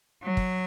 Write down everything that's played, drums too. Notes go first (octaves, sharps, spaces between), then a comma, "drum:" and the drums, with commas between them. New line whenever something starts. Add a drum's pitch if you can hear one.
F#3
drum: kick